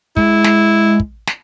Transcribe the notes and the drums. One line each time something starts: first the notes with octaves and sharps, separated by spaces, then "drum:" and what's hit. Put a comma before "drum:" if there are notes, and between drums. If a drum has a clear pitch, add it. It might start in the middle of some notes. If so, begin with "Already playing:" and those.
G#3 E4, drum: kick
drum: snare
drum: kick
drum: snare